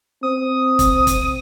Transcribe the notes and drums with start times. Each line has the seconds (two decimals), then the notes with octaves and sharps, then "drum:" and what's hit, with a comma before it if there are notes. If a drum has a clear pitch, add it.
0.23 C4 D#6
0.79 drum: kick, hi-hat
1.07 drum: kick, hi-hat